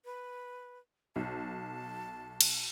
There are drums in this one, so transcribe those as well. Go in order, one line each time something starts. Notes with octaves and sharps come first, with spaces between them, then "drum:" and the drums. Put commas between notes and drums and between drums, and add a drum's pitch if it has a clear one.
B4
B1 A5
drum: cymbal